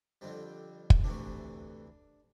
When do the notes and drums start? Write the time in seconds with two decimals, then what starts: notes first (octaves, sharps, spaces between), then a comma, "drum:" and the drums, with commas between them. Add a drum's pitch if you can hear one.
0.21 F2 D3 G3 C4
0.90 drum: kick
1.04 D2 C3 E3 A3 D4